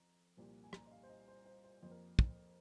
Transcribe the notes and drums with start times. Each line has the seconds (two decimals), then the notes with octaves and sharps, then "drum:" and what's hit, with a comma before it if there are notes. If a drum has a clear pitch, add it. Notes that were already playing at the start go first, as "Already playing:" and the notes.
Already playing: F2 A#5
0.37 C2 A#2 F3 A#3
0.64 G#5
0.73 A#5, drum: rim click
0.87 D#5
0.91 F5
1.03 C5
1.09 D#5
1.28 C5
1.46 C5
1.64 C5
1.82 F2 F3 A#3 C5
1.91 A#4
2.19 drum: kick